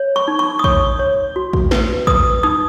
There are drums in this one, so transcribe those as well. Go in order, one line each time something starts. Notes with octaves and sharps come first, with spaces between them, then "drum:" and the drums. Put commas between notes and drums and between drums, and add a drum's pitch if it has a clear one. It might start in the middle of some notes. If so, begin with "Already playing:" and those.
Already playing: C#5
C#6
D#4
C#6
D#6
C#5 C#6, drum: kick
C#5
F#4
drum: kick
B4, drum: snare
B4 D#6, drum: kick
D#4 D#6